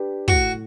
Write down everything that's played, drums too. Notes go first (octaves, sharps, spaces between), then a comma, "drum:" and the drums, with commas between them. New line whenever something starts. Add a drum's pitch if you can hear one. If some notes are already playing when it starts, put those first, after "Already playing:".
Already playing: D4 G4 B4
A2 F#4, drum: kick